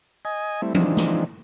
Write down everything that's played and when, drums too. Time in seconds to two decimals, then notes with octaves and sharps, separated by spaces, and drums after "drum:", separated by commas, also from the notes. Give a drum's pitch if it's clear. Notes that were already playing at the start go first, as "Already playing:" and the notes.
0.25 D#5 G#5
0.62 G3 A3 C4 E4
0.75 E3 F3 G#3 C4 D4 D#4, drum: tom F3
0.97 drum: snare